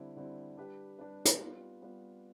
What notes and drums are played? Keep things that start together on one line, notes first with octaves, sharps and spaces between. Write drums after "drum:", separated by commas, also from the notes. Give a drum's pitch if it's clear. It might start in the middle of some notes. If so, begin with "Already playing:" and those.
Already playing: D3 G3 C4 E4
D3 G3 C4 E4
G3 D4 G4 B4
G3 D4 G4 B4
drum: hi-hat
G3 B3 F4 B4
G3 B3 F4 B4